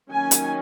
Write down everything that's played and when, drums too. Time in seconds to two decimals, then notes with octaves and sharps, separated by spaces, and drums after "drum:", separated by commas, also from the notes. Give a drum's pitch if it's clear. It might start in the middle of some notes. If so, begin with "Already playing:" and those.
0.11 D#3 F#3 A#3 C#4 G#5
0.31 drum: hi-hat